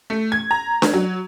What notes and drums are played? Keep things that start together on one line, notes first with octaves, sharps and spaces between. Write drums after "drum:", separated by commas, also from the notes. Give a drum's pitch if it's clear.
A3
G#6
A#5
drum: snare D4
F#3